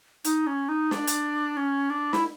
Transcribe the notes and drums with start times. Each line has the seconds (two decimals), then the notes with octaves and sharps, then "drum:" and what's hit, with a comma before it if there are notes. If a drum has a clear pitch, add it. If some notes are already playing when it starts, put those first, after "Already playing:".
0.24 D#4, drum: hi-hat
0.47 C#4
0.69 D#4
0.91 D4, drum: snare
1.07 drum: hi-hat
1.57 C#4
1.90 D4
2.13 E4, drum: snare